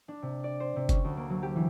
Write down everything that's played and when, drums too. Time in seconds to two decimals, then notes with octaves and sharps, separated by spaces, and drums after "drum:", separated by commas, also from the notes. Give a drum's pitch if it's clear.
0.08 D4
0.22 C3
0.44 D5
0.60 C5
0.76 C3
0.89 C#4, drum: kick F#1, hi-hat
1.04 D2
1.17 A#3
1.30 F#3
1.43 G4
1.56 E3